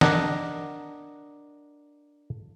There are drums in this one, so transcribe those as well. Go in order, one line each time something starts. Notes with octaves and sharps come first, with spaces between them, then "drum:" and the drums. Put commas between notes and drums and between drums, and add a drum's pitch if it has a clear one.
D4 A#4 D#5 F#5, drum: snare